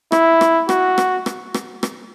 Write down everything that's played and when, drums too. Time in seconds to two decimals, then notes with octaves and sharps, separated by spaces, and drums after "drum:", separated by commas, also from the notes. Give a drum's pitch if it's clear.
0.12 E4, drum: rim click
0.41 drum: rim click
0.69 F#4, drum: rim click
0.98 drum: rim click
1.26 drum: rim click
1.54 drum: rim click
1.83 drum: rim click